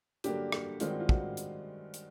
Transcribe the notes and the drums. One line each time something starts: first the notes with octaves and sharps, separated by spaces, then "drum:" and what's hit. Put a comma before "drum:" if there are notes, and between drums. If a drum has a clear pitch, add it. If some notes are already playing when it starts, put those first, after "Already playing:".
G2 D3 F#3 A#3 G4, drum: hi-hat
drum: rim click
G2 D#3 G#3 C4 F4, drum: hi-hat
F#4
F4
F#4, drum: kick
drum: hi-hat
drum: hi-hat